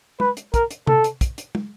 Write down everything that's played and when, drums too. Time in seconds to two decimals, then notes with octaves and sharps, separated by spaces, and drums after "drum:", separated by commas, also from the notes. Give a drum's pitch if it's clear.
0.20 B4, drum: tom
0.37 drum: hi-hat
0.54 A#4, drum: kick, hi-hat
0.71 drum: hi-hat
0.87 A4, drum: tom C3
1.04 drum: hi-hat
1.21 drum: kick, hi-hat
1.38 drum: hi-hat
1.55 drum: tom